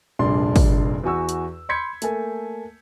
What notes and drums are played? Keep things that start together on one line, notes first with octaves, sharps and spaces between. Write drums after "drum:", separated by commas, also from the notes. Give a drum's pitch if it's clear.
F1 A#1 G2 D4 C6
drum: kick, open hi-hat
E2 F#4 G#5 C#6 E6
drum: hi-hat
B5 C6 G6 G#6 B6 C#7
A3 A#3 A4 G#5 A5, drum: hi-hat